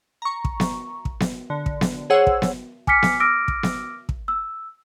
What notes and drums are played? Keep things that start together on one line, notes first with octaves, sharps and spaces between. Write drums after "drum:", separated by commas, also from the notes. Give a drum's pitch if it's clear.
A#5 C#6
drum: kick
drum: snare B3
drum: kick
drum: snare B3
D3
drum: kick
drum: snare B3
G#4 C5 C#5 F#5 E6
drum: kick
drum: snare B3
G#5 D6 F6 B6 C#7, drum: kick
drum: snare B3
D6 E6 F6 A#6 D7
drum: kick
drum: snare B3
drum: kick
E6